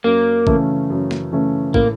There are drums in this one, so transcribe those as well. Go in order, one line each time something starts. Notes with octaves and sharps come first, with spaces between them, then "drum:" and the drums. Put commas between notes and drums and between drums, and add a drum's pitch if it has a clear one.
F#2 A#3
C#3 E3 A3 C#4, drum: kick
F#2
drum: snare
C#3 E3 A3 C#4
A2 A#3, drum: kick